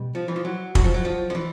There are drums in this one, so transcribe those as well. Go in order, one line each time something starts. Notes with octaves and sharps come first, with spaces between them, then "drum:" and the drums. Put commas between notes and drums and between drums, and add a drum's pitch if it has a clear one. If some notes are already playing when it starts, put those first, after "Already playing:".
Already playing: B2 G3
F3
E3
F3
F#3
F#3, drum: kick
F3
F#3
F3
F3
E3